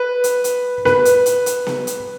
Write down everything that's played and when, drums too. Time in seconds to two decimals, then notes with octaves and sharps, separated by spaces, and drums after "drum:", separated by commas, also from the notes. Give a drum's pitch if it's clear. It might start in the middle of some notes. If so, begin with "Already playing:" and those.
Already playing: B4
0.24 drum: hi-hat
0.44 drum: hi-hat
0.85 B4, drum: snare B3
1.05 drum: hi-hat
1.26 drum: hi-hat
1.46 drum: hi-hat
1.67 drum: snare B3
1.87 drum: hi-hat